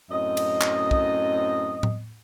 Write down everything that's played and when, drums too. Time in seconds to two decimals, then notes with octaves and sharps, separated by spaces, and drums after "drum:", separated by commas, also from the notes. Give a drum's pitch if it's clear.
0.11 F#2 A2 C4 D#5
0.37 drum: cymbal
0.61 drum: clap
0.91 drum: kick
1.83 drum: tom A2